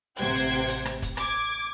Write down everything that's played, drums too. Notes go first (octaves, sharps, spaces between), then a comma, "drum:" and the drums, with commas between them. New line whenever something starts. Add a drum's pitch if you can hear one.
A1 C3 C5 F#5 G5 G#6
drum: hi-hat
drum: hi-hat
drum: rim click
drum: kick, hi-hat
D6 G#6, drum: rim click